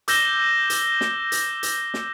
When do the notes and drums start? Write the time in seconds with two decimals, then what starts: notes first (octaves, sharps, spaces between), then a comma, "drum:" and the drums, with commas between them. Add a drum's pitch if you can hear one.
0.08 D6 E6 G6 A#6 E7 G7, drum: hi-hat
0.70 drum: hi-hat
1.01 drum: snare
1.32 drum: hi-hat
1.63 drum: hi-hat
1.94 drum: snare